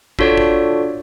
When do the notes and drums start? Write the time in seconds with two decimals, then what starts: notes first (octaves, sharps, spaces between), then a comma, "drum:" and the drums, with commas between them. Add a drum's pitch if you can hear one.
0.19 D4 F4 F#4 A4 C#5 D5, drum: kick
0.38 drum: kick